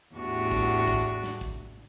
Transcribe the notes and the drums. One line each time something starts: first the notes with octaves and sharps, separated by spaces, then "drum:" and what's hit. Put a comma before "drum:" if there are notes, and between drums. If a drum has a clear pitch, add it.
E2 A2 B3 D4 F#4 G4
drum: kick
drum: kick
drum: snare
drum: kick